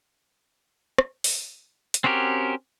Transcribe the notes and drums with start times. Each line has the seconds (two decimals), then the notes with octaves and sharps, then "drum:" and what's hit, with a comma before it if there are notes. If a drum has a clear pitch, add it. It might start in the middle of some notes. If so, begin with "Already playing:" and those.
0.98 drum: rim click
1.24 drum: open hi-hat
1.94 drum: hi-hat
2.04 C4 C#4 F#4 G4 A#4